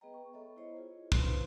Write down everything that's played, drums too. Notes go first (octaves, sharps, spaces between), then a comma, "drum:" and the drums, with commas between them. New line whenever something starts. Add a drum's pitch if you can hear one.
B3 G#4 B4 D#5 G5 A#5
C#6
B3 A4 C#5 D#5 E5
E4 G#4 C5 C#5 D#5
F4 G#4
D4 E4 B4 C5 F5 C6, drum: kick